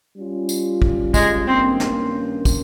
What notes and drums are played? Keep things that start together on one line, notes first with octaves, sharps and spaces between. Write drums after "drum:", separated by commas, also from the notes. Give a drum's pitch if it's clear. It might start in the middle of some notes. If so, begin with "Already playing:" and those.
G3 C#4 F4
drum: tambourine
drum: kick
G#3, drum: kick, tambourine
G2 D#3 A#3 C4 C#4
drum: snare
drum: kick, tambourine